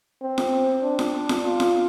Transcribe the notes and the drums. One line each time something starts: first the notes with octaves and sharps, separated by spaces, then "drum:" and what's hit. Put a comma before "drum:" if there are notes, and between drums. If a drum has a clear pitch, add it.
C4
drum: snare F4
D4
drum: snare F4
drum: snare F4
F4
drum: snare F4